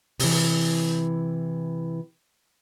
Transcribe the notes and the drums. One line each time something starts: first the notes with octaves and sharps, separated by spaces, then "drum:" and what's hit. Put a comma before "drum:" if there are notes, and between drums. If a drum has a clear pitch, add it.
C3 E3, drum: open hi-hat